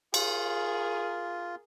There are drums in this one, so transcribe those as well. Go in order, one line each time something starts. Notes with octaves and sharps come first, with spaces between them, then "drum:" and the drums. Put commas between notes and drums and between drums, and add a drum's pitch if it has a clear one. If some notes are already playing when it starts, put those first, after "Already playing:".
F4 G#4 A#4, drum: cymbal